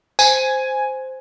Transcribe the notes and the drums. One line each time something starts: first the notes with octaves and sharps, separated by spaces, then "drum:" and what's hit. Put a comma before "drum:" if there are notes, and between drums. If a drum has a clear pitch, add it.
C5 G#5, drum: tambourine